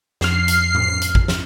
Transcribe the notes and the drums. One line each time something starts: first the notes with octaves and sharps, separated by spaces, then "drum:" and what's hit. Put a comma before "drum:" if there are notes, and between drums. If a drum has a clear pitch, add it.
F2 F6 C7, drum: snare
drum: hi-hat
drum: tom A2
drum: hi-hat
drum: kick A1
drum: snare